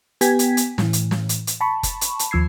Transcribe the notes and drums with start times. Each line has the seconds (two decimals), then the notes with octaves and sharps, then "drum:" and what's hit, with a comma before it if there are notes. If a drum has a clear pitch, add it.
0.21 B3 G4 G5 G#5 G#6 B6, drum: hi-hat
0.39 drum: hi-hat
0.57 drum: hi-hat
0.78 A2 E3, drum: snare
0.93 drum: hi-hat
1.11 drum: snare
1.29 drum: hi-hat
1.47 drum: hi-hat
1.61 A5 B5 C#6
1.83 drum: kick F#1, hi-hat
2.01 drum: hi-hat
2.19 drum: hi-hat
2.31 D#2 F3 E6 G#6 C7